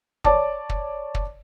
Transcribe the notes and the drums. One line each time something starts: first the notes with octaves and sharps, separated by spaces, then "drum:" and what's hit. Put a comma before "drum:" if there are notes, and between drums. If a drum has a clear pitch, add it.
C#5 D5 A5 D6, drum: kick
drum: kick
drum: kick